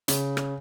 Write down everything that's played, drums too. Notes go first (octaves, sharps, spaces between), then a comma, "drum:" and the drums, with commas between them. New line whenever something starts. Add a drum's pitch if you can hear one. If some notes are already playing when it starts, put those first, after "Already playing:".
C#3, drum: hi-hat
drum: rim click